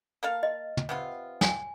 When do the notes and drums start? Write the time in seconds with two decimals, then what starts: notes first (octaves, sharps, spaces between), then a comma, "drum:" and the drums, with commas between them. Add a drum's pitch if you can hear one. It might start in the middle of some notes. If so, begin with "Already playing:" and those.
0.23 A#3 A4 F5
0.43 D#5
0.77 drum: tom
0.89 C3 B3 F4
1.41 G5 G#5, drum: snare